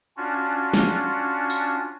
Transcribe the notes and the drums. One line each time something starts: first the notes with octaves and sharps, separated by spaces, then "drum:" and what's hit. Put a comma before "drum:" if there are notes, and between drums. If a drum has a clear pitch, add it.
C#4 D4 F4 F#4
drum: snare
drum: tambourine